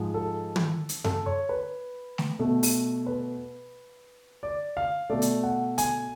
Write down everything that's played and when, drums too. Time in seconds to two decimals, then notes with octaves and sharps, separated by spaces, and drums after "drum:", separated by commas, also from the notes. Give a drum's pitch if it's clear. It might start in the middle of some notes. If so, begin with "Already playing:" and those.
Already playing: G#2 F3 G#3
0.14 A4
0.56 drum: tom
0.89 drum: hi-hat
1.04 A4, drum: tom F#2
1.26 C#5
1.49 B4
2.18 drum: snare
2.39 B2 A3
2.63 drum: open hi-hat
3.06 B4
4.43 D5
4.77 F5
5.10 B2 A3 D5
5.22 drum: hi-hat
5.43 F#5
5.78 G#5, drum: hi-hat